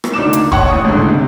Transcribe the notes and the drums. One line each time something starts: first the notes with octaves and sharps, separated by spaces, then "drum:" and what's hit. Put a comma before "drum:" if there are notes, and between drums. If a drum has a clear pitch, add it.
drum: rim click
D2 D4 D#4 D6 E7
A#3, drum: hi-hat
C#5 F#5 C#6, drum: kick E1
A1 D#6
A1 G#2 D3
C3